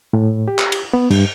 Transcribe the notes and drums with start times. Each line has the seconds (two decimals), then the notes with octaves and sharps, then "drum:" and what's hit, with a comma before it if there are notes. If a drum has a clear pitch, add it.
0.13 A2
0.48 G4
0.58 drum: clap
0.72 drum: cymbal
0.93 B3
1.10 G2, drum: cymbal